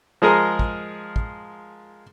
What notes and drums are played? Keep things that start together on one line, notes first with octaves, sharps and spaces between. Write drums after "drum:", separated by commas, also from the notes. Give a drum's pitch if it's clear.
F3 G#3 G#4 A#4
drum: kick
drum: kick